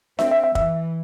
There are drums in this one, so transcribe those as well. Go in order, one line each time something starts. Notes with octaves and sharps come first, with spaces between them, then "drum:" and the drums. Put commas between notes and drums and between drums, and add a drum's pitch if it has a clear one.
C4 E5, drum: snare D4
E5
E5
E3 E5, drum: kick